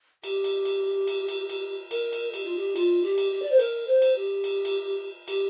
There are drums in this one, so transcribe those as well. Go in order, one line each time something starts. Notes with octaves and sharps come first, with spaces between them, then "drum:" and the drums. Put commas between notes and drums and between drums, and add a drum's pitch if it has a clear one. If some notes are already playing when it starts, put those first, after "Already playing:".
G4, drum: cymbal
drum: cymbal
drum: cymbal
drum: cymbal
drum: cymbal
drum: cymbal
A#4, drum: cymbal
drum: cymbal
G4, drum: cymbal
F4
G4
F4, drum: cymbal
G4
drum: cymbal
G4
D5
C5
A#4, drum: cymbal
C5
drum: cymbal
G4
drum: cymbal
drum: cymbal
G4, drum: cymbal